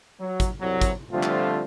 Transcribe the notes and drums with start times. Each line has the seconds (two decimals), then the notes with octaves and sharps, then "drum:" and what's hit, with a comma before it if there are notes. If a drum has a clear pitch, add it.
0.19 F#3
0.40 drum: kick, hi-hat
0.60 C2 F#3
0.81 drum: kick, hi-hat
1.11 D3 F3 G3 A3 C4 F4
1.23 drum: clap